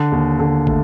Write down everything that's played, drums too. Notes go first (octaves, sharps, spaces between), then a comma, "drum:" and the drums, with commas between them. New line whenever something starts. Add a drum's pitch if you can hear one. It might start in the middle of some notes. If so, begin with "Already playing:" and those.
Already playing: D3
D#2
D3
A3, drum: kick